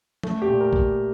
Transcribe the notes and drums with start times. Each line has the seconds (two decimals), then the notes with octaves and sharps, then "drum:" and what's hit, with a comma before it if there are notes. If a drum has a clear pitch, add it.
0.23 A3, drum: tom F3
0.42 G4
0.48 A#2
0.61 A#4
0.73 drum: kick